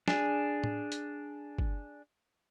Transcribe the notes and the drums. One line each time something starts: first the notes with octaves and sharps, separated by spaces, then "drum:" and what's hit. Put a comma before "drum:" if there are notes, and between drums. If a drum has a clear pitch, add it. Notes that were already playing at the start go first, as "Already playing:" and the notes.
D4 G#4, drum: snare
drum: tom A2
drum: hi-hat
drum: kick